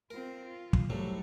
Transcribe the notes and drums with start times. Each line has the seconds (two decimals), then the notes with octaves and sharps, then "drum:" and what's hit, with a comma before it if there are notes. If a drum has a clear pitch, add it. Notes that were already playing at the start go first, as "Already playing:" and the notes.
0.10 C4 F4 A#4
0.44 F4
0.73 drum: kick
0.90 C2 A2 F#3 A4